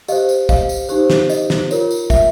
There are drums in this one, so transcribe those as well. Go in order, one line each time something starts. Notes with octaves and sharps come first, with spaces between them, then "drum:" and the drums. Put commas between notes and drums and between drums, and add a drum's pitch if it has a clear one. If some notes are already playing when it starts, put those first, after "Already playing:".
G4 C5 D#5 F5, drum: tambourine
drum: tambourine
D#5 F5, drum: kick, tambourine
drum: tambourine
D#4 G4 C5, drum: tambourine
drum: snare
D#5, drum: tambourine
drum: snare
F4 A#4 C#5, drum: tambourine
drum: tambourine
E5, drum: kick, tambourine